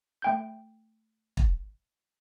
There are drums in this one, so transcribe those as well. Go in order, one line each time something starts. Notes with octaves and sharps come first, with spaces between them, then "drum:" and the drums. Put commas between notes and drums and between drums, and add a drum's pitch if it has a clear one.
A3 G5 G6
drum: kick